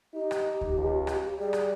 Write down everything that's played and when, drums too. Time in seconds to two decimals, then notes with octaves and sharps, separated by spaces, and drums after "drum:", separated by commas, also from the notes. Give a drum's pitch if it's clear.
0.14 D#4 G4
0.31 drum: rim click
0.61 drum: kick D2
0.77 C#2
1.07 drum: rim click
1.40 G3 G#4
1.53 drum: rim click